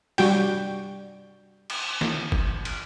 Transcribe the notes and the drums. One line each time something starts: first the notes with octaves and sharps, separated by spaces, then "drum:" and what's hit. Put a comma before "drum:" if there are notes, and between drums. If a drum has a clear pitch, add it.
G3 F#4 G5, drum: open hi-hat
drum: cymbal
drum: snare
drum: kick F#1
drum: cymbal